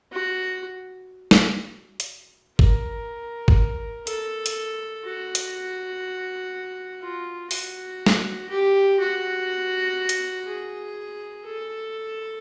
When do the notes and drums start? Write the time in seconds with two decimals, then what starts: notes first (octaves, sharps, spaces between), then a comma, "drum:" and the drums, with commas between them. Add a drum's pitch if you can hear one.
0.12 F#4
1.31 drum: snare
2.00 drum: hi-hat
2.59 A#4, drum: kick G#1
3.48 drum: kick G#1
4.07 A4, drum: hi-hat
4.46 drum: hi-hat
5.05 F#4
5.35 drum: hi-hat
7.02 F4
7.51 F#4, drum: open hi-hat
8.06 drum: snare
8.50 G4
8.99 F#4
10.09 drum: hi-hat
10.47 G#4
11.45 A4